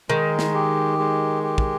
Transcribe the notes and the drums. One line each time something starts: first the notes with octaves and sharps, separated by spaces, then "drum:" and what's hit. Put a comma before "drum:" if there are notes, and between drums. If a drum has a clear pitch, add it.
D#3 G#3
drum: snare
G4
G#3
G4
drum: kick